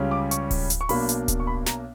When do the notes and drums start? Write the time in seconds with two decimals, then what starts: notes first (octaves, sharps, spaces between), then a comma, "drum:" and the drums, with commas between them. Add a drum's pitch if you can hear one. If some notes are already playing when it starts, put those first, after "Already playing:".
Already playing: C#2 C#3 G3 C#4
0.11 D6
0.31 C#6, drum: hi-hat
0.51 drum: kick D1, open hi-hat
0.70 drum: hi-hat
0.81 C#6
0.89 B1 B2 A#3 D4 B5, drum: open hi-hat
1.09 drum: hi-hat
1.28 drum: kick D1, hi-hat
1.40 C#6
1.47 B5
1.66 A#5, drum: snare